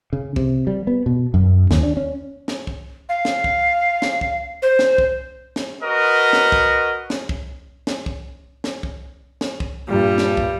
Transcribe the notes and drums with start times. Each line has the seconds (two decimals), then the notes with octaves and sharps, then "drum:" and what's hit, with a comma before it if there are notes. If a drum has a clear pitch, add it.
0.13 C#3
0.36 C3, drum: kick
0.67 G3
0.87 B3
1.06 B2
1.34 F#2
1.71 D#2, drum: snare
1.83 D4
1.97 C#4
2.48 drum: snare
2.67 drum: kick
3.09 F5
3.25 drum: snare
3.44 drum: kick
4.02 drum: snare
4.21 drum: kick
4.62 C5
4.79 drum: snare
4.98 drum: kick
5.56 drum: snare
5.83 F#4 A#4 B4 D#5
6.33 drum: snare
6.52 drum: kick
7.10 drum: snare
7.29 drum: kick
7.87 drum: snare
8.06 drum: kick
8.64 drum: snare
8.83 drum: kick
9.41 drum: snare
9.60 drum: kick
9.89 G2 A#2 G3
10.18 drum: snare
10.37 drum: kick